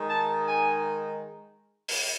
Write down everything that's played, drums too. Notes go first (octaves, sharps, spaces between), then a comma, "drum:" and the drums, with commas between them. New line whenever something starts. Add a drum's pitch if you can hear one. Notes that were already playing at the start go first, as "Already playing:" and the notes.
Already playing: D#3 G#3 D#4
A5
G#5
drum: open hi-hat